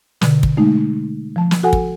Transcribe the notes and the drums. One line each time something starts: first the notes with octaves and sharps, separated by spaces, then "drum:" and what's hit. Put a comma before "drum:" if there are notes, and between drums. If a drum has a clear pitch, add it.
B2 D3, drum: snare
drum: kick
G#3 A3 D#4
F3 A5
drum: snare
F#4 A4 F#5 G#5
drum: kick